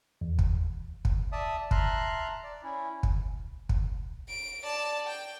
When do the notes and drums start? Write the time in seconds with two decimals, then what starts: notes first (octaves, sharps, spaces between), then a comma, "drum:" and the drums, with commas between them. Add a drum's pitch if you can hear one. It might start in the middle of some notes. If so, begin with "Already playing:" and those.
0.21 E2
0.39 drum: kick
1.05 drum: kick
1.32 D5 E5 A5 D#6
1.71 E5 A5 A#5 C6 F6 F#6, drum: kick
2.43 D5
2.63 C#4 E4
3.03 drum: kick
3.69 drum: kick
4.28 D7
4.63 D5 A5
5.07 G5